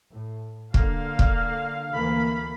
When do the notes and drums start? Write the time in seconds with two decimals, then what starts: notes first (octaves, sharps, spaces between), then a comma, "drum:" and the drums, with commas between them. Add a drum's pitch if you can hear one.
0.11 A2
0.74 D3 A#3 F5, drum: kick
1.19 drum: kick
1.94 D2 E3 A#3 B5